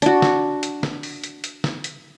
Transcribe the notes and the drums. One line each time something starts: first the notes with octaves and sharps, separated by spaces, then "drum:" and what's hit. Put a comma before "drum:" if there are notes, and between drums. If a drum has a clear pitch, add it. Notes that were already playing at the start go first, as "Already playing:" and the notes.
D4 F#4, drum: hi-hat
drum: snare
drum: hi-hat
drum: snare
drum: open hi-hat
drum: hi-hat
drum: hi-hat
drum: snare
drum: hi-hat